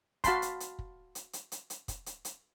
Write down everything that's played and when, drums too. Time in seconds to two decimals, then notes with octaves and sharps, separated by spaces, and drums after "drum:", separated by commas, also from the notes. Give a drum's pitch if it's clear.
0.24 F#4 F5 A5 B5 C6, drum: kick, hi-hat
0.42 drum: hi-hat
0.60 drum: hi-hat
0.79 drum: kick
1.15 drum: hi-hat
1.33 drum: hi-hat
1.52 drum: hi-hat
1.70 drum: hi-hat
1.88 drum: kick, hi-hat
2.06 drum: hi-hat
2.25 drum: hi-hat